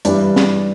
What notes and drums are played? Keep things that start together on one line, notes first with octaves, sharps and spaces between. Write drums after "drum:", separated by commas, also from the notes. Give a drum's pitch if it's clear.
G2 E3 G3 D4, drum: hi-hat
drum: snare